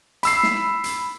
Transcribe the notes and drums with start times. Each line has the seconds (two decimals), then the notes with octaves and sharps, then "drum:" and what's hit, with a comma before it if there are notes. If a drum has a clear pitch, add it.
0.23 B5 E6 C7, drum: hi-hat
0.43 drum: snare
0.84 drum: hi-hat